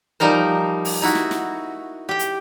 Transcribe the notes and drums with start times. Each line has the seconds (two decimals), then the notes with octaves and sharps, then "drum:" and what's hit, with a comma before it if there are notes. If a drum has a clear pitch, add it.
0.20 F3 G3 D#4 A#4 C5
0.85 drum: open hi-hat
1.02 D#4 E4 F#4
1.15 drum: snare
1.31 drum: snare
2.09 G4 G5
2.19 drum: hi-hat